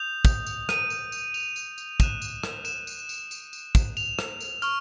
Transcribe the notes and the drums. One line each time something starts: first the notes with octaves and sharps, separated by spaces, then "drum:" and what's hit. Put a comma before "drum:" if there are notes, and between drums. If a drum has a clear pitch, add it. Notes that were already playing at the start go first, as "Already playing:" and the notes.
Already playing: D#6 G6 F7
drum: kick, tambourine
drum: tambourine
D#7, drum: rim click
drum: tambourine
drum: tambourine
F7, drum: tambourine
drum: tambourine
drum: tambourine
D#6 F#6 E7, drum: kick, tambourine
drum: tambourine
drum: rim click
E7, drum: tambourine
drum: tambourine
drum: tambourine
drum: tambourine
drum: tambourine
drum: kick, tambourine
F7, drum: tambourine
drum: rim click
drum: tambourine
C#6 F6, drum: tambourine